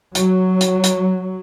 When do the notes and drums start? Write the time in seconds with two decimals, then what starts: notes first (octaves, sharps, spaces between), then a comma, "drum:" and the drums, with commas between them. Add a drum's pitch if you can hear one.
0.15 F#3, drum: hi-hat
0.61 drum: hi-hat
0.84 drum: hi-hat